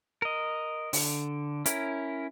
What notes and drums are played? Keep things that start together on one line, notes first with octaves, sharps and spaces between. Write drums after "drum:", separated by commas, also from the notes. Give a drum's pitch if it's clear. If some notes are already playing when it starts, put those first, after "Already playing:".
A#4 D#5
D3, drum: open hi-hat
C#4 E4 A#4, drum: hi-hat